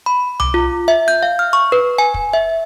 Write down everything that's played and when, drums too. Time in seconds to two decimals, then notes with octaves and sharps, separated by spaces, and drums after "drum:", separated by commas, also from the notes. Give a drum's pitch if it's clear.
0.06 B5
0.40 D6, drum: tom C2
0.54 F4
0.88 E5
1.08 G6
1.23 F5
1.39 F6
1.53 C#6
1.72 B4
1.98 G#5
2.14 drum: kick
2.33 E5